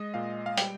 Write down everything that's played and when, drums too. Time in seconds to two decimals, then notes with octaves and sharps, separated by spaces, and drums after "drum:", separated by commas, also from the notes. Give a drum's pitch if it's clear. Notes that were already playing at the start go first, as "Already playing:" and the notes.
Already playing: G#3 D#5
0.14 A#2 F5
0.46 F5
0.57 G3 G5, drum: hi-hat